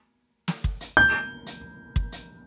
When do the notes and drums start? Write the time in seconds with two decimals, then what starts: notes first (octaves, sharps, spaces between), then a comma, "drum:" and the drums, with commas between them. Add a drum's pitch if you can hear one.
0.48 drum: snare
0.64 drum: kick
0.81 drum: hi-hat
0.97 G6
1.46 drum: hi-hat
1.96 drum: kick
2.12 drum: hi-hat